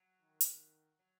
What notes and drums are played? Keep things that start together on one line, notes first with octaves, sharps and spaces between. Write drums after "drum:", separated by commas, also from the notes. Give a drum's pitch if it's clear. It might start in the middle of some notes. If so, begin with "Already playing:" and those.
Already playing: F#3
D#3
drum: hi-hat
F#3